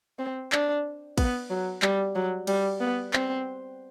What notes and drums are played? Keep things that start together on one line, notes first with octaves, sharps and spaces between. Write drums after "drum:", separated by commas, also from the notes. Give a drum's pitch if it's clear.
C4
D4, drum: clap
B3, drum: kick, cymbal
F#3
G3, drum: clap
F#3
G3, drum: cymbal
B3
C4, drum: clap